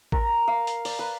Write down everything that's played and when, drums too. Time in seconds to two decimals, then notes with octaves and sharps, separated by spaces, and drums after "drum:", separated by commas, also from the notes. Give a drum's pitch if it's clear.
0.12 A#4, drum: kick A1
0.48 F5
0.67 drum: hi-hat
0.85 D5, drum: open hi-hat
0.99 B4